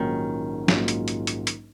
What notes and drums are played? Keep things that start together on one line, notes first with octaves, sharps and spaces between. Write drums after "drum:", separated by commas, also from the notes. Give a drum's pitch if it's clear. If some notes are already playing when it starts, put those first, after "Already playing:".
Already playing: A#1 G#2 D#3 F#3 C#4 F4
A#1 G#2 F#3 C#4 F4, drum: snare
drum: hi-hat
drum: hi-hat
drum: hi-hat
drum: hi-hat